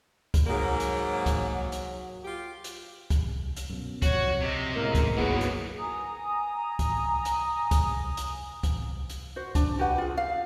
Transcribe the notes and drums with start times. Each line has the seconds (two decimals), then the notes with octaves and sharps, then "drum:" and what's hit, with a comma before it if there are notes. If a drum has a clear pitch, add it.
0.34 drum: kick C2, hi-hat
0.47 G#2 F#3 A#3
0.80 drum: hi-hat
1.26 drum: kick C2, hi-hat
1.72 drum: hi-hat
2.24 F4 G4
2.64 drum: hi-hat
3.10 drum: kick C2, hi-hat
3.57 drum: hi-hat
3.70 F#2 B2
4.02 B1 F2 F#4 C#5, drum: kick C2, hi-hat
4.41 C3 D#5
4.76 C#2 A2 A#3 A#4
4.95 drum: kick C2, hi-hat
5.17 G1 B2 E3 F#3 A#3 B3 G#4
5.41 drum: hi-hat
5.78 G#5 A#5 D#6
6.79 drum: kick C2, hi-hat
7.25 drum: hi-hat
7.71 drum: kick C2, hi-hat
8.17 drum: hi-hat
8.63 drum: kick C2, hi-hat
9.10 drum: hi-hat
9.36 F#4 C5
9.55 D4, drum: kick C2, hi-hat
9.79 F#4 G4 B4 F#5
9.98 F4 G#4
10.17 F5